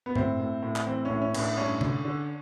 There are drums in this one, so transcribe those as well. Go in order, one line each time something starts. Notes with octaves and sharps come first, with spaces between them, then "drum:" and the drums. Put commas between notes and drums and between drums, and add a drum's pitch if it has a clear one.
B3
A2 C4, drum: tom G2
A2
A2
drum: clap
E3 C4
A2 C#4
C#4
A2, drum: cymbal
D4
G2 C#4
D3, drum: tom C3
D3